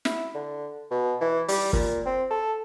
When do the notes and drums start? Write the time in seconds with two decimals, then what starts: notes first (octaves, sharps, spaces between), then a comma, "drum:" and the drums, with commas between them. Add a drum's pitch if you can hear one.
0.05 E4, drum: snare
0.35 D3
0.91 B2
1.21 E3
1.48 G3, drum: open hi-hat
1.73 A#2, drum: kick
2.06 C4
2.31 A4